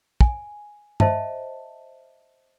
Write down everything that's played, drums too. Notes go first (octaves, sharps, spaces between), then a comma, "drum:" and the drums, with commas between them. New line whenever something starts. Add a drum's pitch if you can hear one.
G#5, drum: kick
C5 D#5 E5 A5, drum: tom G2